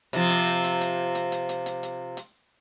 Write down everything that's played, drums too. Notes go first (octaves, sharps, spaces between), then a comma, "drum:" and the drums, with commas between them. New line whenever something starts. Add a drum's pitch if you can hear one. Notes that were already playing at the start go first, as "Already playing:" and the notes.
C3 F3, drum: hi-hat
drum: hi-hat
drum: hi-hat
drum: hi-hat
drum: hi-hat
drum: hi-hat
drum: hi-hat
drum: hi-hat
drum: hi-hat
drum: hi-hat
drum: hi-hat